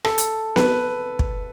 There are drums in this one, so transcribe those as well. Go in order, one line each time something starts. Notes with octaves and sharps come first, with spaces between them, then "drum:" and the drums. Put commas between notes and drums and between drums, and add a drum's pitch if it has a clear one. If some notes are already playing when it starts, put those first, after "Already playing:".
A4, drum: rim click
drum: hi-hat
B4, drum: snare B3
drum: kick